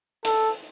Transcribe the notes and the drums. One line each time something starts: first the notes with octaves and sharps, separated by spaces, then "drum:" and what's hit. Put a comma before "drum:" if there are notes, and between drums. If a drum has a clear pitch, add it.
A4, drum: hi-hat